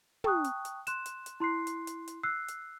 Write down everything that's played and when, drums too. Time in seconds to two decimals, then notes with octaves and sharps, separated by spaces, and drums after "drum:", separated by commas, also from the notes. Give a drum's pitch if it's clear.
0.24 G5 A5 C#6 D#6 F#6, drum: tom
0.44 drum: hi-hat
0.65 drum: hi-hat
0.87 C6 F#6 E7, drum: hi-hat
1.06 drum: hi-hat
1.26 drum: hi-hat
1.40 E4 C6 F#6 C7
1.67 drum: hi-hat
1.87 drum: hi-hat
2.08 drum: hi-hat
2.23 E6 F#6 C7
2.48 drum: hi-hat